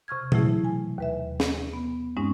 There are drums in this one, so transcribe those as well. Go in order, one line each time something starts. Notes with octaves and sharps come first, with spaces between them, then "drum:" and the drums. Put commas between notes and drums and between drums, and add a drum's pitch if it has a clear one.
C3 C#6 F6 G#6
B2 E3 F#3 A3 E4 G#4, drum: tom A#2
G#5
D#2 B4 E5
drum: snare
B3
G2 G#3 C4 C#4 D#4